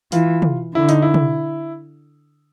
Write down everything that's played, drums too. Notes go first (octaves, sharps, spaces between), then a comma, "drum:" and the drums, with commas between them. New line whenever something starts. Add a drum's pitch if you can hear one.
E3 F4, drum: hi-hat
drum: tom
D3 E4
D#4, drum: hi-hat
E4
drum: tom